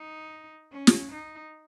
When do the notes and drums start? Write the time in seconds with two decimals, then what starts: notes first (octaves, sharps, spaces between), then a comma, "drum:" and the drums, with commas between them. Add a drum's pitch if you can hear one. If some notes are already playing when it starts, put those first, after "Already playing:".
Already playing: D#4
0.72 C#4
0.87 drum: snare
1.12 D#4